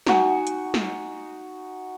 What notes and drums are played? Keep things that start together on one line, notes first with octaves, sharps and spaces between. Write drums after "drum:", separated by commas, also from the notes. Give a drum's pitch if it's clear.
D#4 F#4 G#5, drum: snare
drum: hi-hat
drum: snare